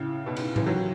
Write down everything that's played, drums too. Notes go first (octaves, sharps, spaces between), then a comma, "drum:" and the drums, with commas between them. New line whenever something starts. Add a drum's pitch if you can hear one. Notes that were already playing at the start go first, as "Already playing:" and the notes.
Already playing: A2 C#3
G#2 B2
G#2, drum: cymbal
C#3 E3, drum: tom A2
D#3 F#3